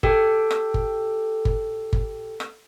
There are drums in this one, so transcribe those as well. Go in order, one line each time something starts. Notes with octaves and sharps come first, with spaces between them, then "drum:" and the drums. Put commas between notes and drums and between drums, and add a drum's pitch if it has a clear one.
G4 A4 G5, drum: kick G1
drum: rim click
drum: kick G1
drum: kick G1
drum: kick G1
drum: rim click